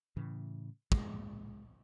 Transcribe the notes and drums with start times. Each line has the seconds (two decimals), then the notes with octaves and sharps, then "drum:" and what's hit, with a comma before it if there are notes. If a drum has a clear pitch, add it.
0.17 A2 C#3 E3
0.92 G#3, drum: kick